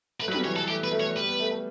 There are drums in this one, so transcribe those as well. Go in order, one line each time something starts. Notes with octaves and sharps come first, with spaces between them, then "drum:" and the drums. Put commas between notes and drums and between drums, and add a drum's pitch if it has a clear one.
A3 B4
F#3
G3 B4, drum: tom
E3 C#5
E3 A4
A3 G4
B3 B4
A3
C#5
A3
G3 B4
B3
A3
A3